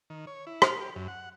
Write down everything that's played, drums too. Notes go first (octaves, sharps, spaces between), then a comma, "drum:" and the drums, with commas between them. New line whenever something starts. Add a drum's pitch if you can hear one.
D#3
C#5
E4
F6, drum: rim click
G4
F#2
F#5